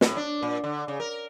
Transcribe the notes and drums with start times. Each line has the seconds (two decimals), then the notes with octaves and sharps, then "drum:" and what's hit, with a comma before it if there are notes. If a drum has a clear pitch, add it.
0.01 A2, drum: snare
0.16 D4
0.43 A#2
0.64 D3
0.88 C#3
1.00 A#4